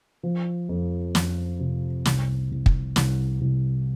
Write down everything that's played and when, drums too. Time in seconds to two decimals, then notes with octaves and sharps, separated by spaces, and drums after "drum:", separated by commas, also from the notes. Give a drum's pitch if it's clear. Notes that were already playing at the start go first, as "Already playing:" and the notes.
0.23 F3
0.69 F2
1.15 F2, drum: snare
1.59 C3
2.05 C2, drum: snare
2.51 C2
2.66 drum: kick
2.96 C2, drum: snare
3.41 C2